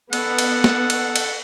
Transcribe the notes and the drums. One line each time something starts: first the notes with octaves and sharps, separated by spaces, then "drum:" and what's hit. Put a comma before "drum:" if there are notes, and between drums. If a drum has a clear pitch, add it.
B3 A4 F#5, drum: cymbal
drum: cymbal
drum: snare
drum: cymbal
drum: cymbal